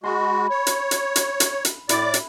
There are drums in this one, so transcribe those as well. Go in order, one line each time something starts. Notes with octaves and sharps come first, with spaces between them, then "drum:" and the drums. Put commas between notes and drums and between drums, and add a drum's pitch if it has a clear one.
G#3 F#4 B5 C6
C#5
drum: hi-hat
drum: hi-hat
drum: hi-hat
drum: hi-hat
drum: hi-hat
A2 E4 D5 D6, drum: hi-hat
drum: hi-hat